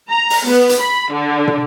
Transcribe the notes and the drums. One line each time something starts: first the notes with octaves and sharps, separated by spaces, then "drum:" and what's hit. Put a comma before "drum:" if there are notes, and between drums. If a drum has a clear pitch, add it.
A#5
drum: open hi-hat
B3
drum: hi-hat
B5
D3
drum: tom